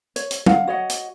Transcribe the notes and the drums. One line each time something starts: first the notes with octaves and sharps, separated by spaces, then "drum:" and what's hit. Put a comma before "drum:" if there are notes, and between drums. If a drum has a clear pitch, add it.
C#5, drum: hi-hat
drum: hi-hat
C#4 F5 F#5, drum: tom
F#4 C#5 D#5 F#5
drum: hi-hat